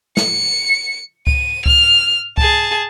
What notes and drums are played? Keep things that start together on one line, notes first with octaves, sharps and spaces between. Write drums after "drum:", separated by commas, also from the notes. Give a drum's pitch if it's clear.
C#7, drum: snare
D#7, drum: kick C#2
F6, drum: kick C#2
G#4 A5, drum: kick C#2